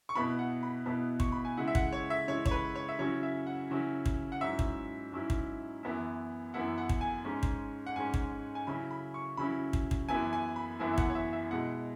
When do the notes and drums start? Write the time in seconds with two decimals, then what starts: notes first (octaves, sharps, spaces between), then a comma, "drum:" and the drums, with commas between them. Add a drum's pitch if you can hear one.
0.09 C#6
0.15 B2 B3 E4 B5
0.39 F#5
0.63 B5
0.86 B2 B3 E4 B5
1.20 C#6, drum: kick
1.32 B5
1.45 G#5
1.57 C#3 G#3 E4 F#5
1.68 E5
1.75 F#5, drum: kick
1.92 C#5
2.10 E5
2.28 C#3 G#3 E4 C#5
2.46 C#5, drum: kick
2.51 B4
2.76 C#5
2.89 E5
2.99 C#3 F#3 C#4 E4 C#5
3.23 E5
3.47 F#5
3.70 C#3 F#3 C#4 E4
4.06 drum: kick
4.32 F#5
4.41 G#2 F#3 C#4 E4 E5
4.59 drum: kick
5.12 G#2 F#3 C#4 E4
5.30 drum: kick
5.83 F#2 E3 B3 E4
6.54 F#2 E3 B3 E4 F#5
6.78 F#5
6.89 drum: kick
7.01 G#5
7.25 G#2 G#3 C#4
7.43 drum: kick
7.87 F#5
7.96 G#2 G#3 C#4 G#5
8.14 drum: kick
8.55 G#5
8.67 C#3 F#3 C#4 E4 B5
8.91 B5
9.14 C#6
9.37 C#3 F#3 C#4 E4 B5
9.73 drum: kick
9.91 drum: kick
10.09 F#2 E3 B3 E4 G#5
10.33 G#5
10.56 B5
10.79 F#2 E3 B3 E4 G#5
10.93 E5
10.98 F#5, drum: kick
11.10 C#5
11.15 E5
11.33 E5
11.51 B2 G#3 E4 F#5